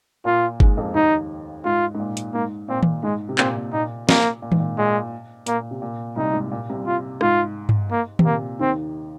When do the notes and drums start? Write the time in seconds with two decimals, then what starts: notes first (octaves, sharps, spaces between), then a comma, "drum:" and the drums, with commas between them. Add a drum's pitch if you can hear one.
0.25 A#2 A#3 F4
0.60 G#2 G#3, drum: kick G1
0.77 F2 F3
0.94 D#2 D#3 D#4
1.65 G#2 F4
1.95 G#2
2.00 A#2
2.17 drum: hi-hat
2.34 G#2 A#3
2.68 A#2 C4
2.83 drum: tom D#3
3.03 G#2 G#3
3.29 C3
3.38 A#2 C4, drum: clap
3.56 A#2
3.73 A#2 D#4
4.09 A#3, drum: snare
4.42 A#2
4.52 G#2, drum: tom D#3
4.60 A#2
4.78 A#2 G#3
5.47 A#2 A#3, drum: hi-hat
5.71 C3
5.82 A#2
6.16 C2 C3 D#4
6.33 G#2
6.51 A#2
6.69 C2 C3
6.86 F4
7.21 G#2 F4, drum: rim click
7.69 drum: tom G2
7.91 A#3
8.19 C3, drum: tom D#3
8.25 A#2 A#3
8.60 D#2 D#3 C4